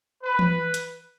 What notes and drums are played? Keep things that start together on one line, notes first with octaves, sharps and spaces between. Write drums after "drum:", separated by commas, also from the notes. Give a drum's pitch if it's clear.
B4
drum: tom E3
drum: hi-hat